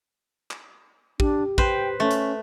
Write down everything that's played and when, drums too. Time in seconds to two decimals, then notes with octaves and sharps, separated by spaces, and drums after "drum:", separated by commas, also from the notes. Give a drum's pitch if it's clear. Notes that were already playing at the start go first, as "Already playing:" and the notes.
0.51 drum: clap
1.20 D4 G4, drum: kick
1.58 B4 C5 G5, drum: kick
2.00 A3 C#4
2.11 drum: hi-hat